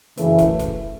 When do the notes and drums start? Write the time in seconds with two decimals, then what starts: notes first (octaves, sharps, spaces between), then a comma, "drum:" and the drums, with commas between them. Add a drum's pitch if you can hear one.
0.17 F#2 C#3 E3 A3, drum: hi-hat
0.38 drum: kick, hi-hat
0.59 drum: kick, hi-hat